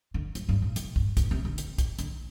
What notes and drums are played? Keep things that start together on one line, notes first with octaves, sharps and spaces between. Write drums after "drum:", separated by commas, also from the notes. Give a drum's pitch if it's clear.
D3
G2, drum: hi-hat
G2
A2
B2, drum: hi-hat
G2, drum: kick
B2, drum: kick, hi-hat
C3
D3
drum: hi-hat
drum: kick, hi-hat
D3, drum: hi-hat